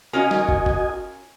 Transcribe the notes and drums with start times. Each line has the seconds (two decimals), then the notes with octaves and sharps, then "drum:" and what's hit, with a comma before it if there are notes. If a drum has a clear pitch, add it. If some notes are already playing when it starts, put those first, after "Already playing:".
0.13 C#4 F4 F#4 A#4 D#5 G#5
0.31 drum: snare
0.49 drum: kick
0.66 drum: kick